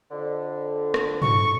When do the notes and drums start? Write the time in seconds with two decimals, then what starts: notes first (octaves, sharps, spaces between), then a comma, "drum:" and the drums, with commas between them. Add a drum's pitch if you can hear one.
0.11 F2 D3
0.94 drum: rim click
1.22 C#6, drum: tom